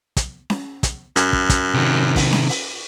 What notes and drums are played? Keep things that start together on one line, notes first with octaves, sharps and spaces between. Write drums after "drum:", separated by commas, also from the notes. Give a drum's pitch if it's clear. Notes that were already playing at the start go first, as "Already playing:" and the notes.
drum: kick, hi-hat
drum: snare C#4
drum: kick, hi-hat
F#2, drum: hi-hat
drum: kick
drum: kick, hi-hat
C3 D#3
drum: kick, open hi-hat
drum: snare C#4
drum: open hi-hat